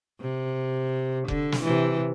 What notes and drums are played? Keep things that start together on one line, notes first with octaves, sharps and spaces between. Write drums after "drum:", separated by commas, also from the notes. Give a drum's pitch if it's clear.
C3
D3, drum: kick F1
drum: snare
C3 E3